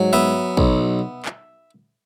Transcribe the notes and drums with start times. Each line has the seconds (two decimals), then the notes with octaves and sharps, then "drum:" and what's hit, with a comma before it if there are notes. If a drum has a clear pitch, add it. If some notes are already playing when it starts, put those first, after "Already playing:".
Already playing: G#2 F#3
0.13 B3 E5
0.57 B1, drum: kick
1.25 drum: clap